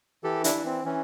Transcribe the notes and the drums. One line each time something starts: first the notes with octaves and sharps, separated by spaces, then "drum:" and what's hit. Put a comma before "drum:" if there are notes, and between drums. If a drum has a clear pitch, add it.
E3 G4 A4
D4 E4, drum: hi-hat
E3
C4
E3 C#4